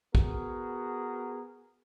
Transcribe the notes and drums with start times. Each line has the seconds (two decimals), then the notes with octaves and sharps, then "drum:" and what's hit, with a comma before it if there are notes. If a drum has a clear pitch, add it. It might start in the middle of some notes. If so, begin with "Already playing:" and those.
0.15 B3 F#4 G#4 A#4, drum: kick